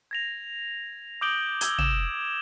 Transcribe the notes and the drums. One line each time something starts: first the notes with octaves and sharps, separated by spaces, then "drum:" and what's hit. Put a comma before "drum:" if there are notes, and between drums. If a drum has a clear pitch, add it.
G#6 A#6 F7
D6 D#6 G6 D7 F#7 G7
E6 G#6 G7, drum: hi-hat
E7 F7, drum: tom